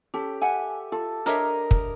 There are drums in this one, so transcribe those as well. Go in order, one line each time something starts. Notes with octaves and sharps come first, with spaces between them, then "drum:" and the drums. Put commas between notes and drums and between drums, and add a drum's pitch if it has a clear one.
C#4 G4 A4
E5 F#5 G#5
F4 A4
D4 A#4 C#5 D#5 E5, drum: hi-hat
drum: kick